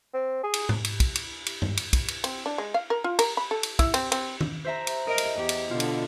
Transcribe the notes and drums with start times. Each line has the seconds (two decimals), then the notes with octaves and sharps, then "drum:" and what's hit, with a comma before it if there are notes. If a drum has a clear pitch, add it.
0.14 C4
0.43 G#4
0.54 drum: cymbal
0.69 drum: tom G#2
0.85 drum: cymbal
1.00 drum: kick, cymbal
1.15 drum: cymbal
1.46 drum: cymbal
1.62 drum: tom G2
1.77 drum: cymbal
1.93 drum: kick, cymbal
2.08 drum: cymbal
2.24 C4, drum: cymbal
2.46 D4
2.58 G#3
2.74 F5
2.90 A#4
3.04 F4
3.19 A#4, drum: cymbal
3.37 B5
3.51 A4
3.63 drum: cymbal
3.79 E4, drum: kick, cymbal
3.94 C4, drum: cymbal
4.12 C4, drum: cymbal
4.41 drum: tom
4.65 C5 E5 A#5
4.87 drum: cymbal
5.07 A#4 D#5 D7
5.18 drum: cymbal
5.37 E2 G4
5.49 drum: cymbal
5.71 B2 D3 F4
5.80 drum: cymbal